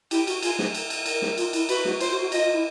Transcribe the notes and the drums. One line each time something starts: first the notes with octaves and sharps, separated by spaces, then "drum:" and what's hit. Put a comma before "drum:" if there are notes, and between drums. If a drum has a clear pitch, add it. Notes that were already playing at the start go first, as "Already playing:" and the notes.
E4 G4, drum: cymbal
F#4, drum: cymbal
F4 G#4, drum: cymbal
drum: snare
drum: cymbal
drum: cymbal
A#4, drum: cymbal
drum: snare
F4, drum: cymbal
E4, drum: cymbal
F#4 B4, drum: cymbal
F#4, drum: snare
F4 C5, drum: cymbal
F#4
F#4
F4 D#5, drum: cymbal
F4
E4